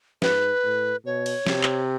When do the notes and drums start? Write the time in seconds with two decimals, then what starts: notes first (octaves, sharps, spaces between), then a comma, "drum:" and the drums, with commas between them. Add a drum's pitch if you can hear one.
0.22 G#2 B4, drum: snare
0.64 A2
1.05 B2 C#5
1.26 drum: cymbal
1.47 C3, drum: snare
1.63 drum: clap